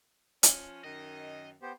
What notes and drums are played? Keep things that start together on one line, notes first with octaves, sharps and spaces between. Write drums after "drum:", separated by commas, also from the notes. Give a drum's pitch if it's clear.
F3 C#4, drum: hi-hat
F#2 D#3 D#5
B3 G4 C5